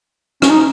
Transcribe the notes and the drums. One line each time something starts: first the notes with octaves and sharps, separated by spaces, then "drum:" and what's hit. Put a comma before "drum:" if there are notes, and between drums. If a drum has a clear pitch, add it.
C#4, drum: rim click
D#4